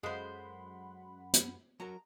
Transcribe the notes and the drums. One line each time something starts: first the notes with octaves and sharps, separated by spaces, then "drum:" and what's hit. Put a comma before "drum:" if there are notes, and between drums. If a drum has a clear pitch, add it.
F#2 G#3 G#4 A4 C5 F5 F#5 B5
drum: hi-hat
F#3 F#4 A#4 A#5